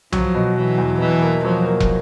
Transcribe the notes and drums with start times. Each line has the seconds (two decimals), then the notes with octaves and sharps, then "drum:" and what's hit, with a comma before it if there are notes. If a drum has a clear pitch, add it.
0.12 F3 F#3, drum: tom C2
0.35 B2
0.56 B2 E3
0.78 E2
1.00 B2 E3
1.22 A#3
1.44 F3 F#3
1.66 A#3
1.80 drum: kick